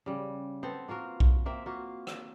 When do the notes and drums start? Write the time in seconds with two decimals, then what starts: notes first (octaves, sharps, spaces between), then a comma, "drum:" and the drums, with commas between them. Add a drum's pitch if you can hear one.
0.06 C#3 G3
0.63 B3 C4 A4
0.88 A#3 F4 F#4 A#4
1.20 drum: kick B1
1.46 A#3 C4 E5
1.66 A#3 F4 F#4
2.07 drum: rim click